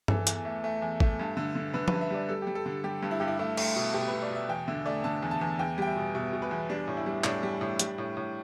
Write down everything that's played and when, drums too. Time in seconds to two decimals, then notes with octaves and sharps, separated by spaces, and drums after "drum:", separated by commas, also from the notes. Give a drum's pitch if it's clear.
0.08 E3 A4, drum: tom G2
0.27 E2, drum: hi-hat
0.45 A3
0.64 A3
0.82 E2
1.00 A3, drum: kick
1.19 G2
1.37 D3
1.55 D3
1.74 D3 B4
1.88 G2 B4, drum: tom F3
2.01 E5
2.11 G3 D5
2.29 G3 A4
2.42 G3 G4
2.55 A4
2.66 D3
2.84 G3 G4
3.02 G2
3.11 E4
3.20 G2 G4
3.28 E4
3.39 A3 E4
3.57 A3, drum: cymbal
3.76 B2
3.94 B2 G4
4.08 B2 B4
4.22 D5
4.30 B2 E5
4.49 E2 G5
4.68 D3 E5
4.86 A3 D5
5.04 D3 A5
5.22 E2
5.31 A5
5.41 E2
5.59 E2 G5
5.78 G3 G5
5.87 E5
5.96 B2
6.14 B2 E5
6.33 B2
6.42 B4
6.51 E2
6.69 G3 D4
6.88 A2
6.97 E4
7.06 G3
7.24 A2 D4, drum: clap
7.43 G3
7.61 A2
7.79 G3, drum: hi-hat
7.98 A2
8.17 A2